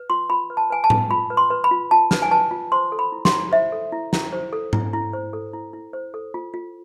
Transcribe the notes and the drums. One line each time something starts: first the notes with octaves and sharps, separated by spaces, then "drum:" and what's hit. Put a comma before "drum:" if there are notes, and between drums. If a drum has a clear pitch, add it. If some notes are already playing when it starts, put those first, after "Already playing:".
Already playing: B4
F4 C6
F4 B5
B4
A5
B4 G#5
A5
F4, drum: tom A2
F4 B5
B4
C6
B4
B5
F4
F4 A5
B4, drum: snare
G#5
B4 A5
F4
C5 C6
A4
B5
E4
C6, drum: snare
E4
C5 E5
A4
E4
E4, drum: snare
C5
A4
E4, drum: tom G#2
E4
C5
A4
E4
E4
C5
A4
F4
F4